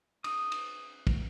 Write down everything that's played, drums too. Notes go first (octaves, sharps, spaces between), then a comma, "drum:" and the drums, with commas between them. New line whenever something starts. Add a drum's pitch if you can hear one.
D#6, drum: cymbal
drum: cymbal
drum: kick, cymbal